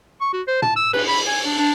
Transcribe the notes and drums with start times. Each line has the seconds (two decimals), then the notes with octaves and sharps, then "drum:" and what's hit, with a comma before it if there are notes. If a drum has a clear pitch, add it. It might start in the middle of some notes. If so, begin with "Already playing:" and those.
0.21 C#6
0.33 F#4
0.48 C5
0.62 A5, drum: tom
0.76 E6
0.93 B4, drum: cymbal
1.08 B5
1.27 G#5
1.45 D4
1.59 D4